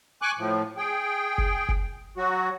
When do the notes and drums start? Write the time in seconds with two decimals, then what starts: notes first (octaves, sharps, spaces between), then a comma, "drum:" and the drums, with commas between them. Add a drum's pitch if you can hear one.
0.22 G#5 C#6 D6 F#6
0.38 A2 F3
0.77 G#4 G5
1.38 drum: kick F#1
1.69 drum: kick F#1
2.17 F#3 F#4